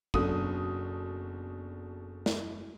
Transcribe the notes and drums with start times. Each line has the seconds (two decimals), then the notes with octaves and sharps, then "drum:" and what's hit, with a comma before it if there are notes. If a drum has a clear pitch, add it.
0.14 F#1 B2 D4 A4 D#6, drum: kick
2.26 drum: snare